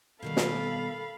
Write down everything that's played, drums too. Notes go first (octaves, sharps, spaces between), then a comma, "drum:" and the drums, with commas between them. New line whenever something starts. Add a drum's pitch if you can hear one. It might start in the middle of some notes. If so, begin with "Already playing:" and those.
B2 D#3 G3 A4 F5 B5
drum: snare